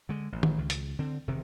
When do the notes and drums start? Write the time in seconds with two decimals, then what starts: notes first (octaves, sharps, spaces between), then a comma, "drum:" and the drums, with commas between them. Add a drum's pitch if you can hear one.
0.09 D3 G#3
0.32 A1
0.43 drum: tom D#3
0.58 C#2
0.70 drum: hi-hat
0.99 D3 C4
1.27 E1 C3 D#3